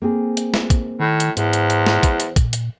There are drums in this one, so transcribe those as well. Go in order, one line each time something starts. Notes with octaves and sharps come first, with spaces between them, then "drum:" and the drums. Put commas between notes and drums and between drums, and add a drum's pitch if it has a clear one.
A#3 C4 G#4
drum: hi-hat
drum: snare
drum: kick, hi-hat
A2 D#3
drum: hi-hat
E2 G#2 C5, drum: hi-hat
drum: hi-hat
drum: hi-hat
drum: snare
drum: kick, hi-hat
drum: hi-hat
A#2, drum: kick, hi-hat
drum: hi-hat